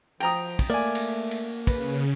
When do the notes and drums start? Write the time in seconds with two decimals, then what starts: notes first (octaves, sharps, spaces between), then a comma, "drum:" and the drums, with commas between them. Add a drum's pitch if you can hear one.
0.20 F3 G5 A#5 D#6, drum: cymbal
0.59 drum: kick, cymbal
0.70 A3 A#3 D5 G#5
0.95 drum: cymbal
1.31 drum: cymbal
1.67 C#3 B4, drum: kick, cymbal